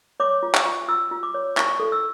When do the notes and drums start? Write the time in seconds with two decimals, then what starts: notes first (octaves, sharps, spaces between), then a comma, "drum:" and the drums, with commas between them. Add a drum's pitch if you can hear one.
0.20 C#5 D6
0.43 F4
0.54 C#6, drum: clap
0.66 F4
0.88 F4 E6
1.11 F4
1.23 D6
1.34 C#5
1.57 E4 C#6, drum: clap
1.80 A4
1.92 E6